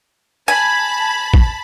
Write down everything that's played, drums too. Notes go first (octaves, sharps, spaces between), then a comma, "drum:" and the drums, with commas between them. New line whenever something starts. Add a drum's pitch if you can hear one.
G#5 A5 B5
drum: kick